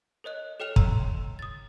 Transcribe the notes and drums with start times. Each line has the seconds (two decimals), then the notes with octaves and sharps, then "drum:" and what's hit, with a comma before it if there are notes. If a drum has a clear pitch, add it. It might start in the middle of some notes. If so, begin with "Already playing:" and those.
0.24 A#4 C#5 D#5 F#6
0.60 A4 C#5 G5 F6 F7
0.76 A#5 C6 E6, drum: kick
1.39 D#6 A6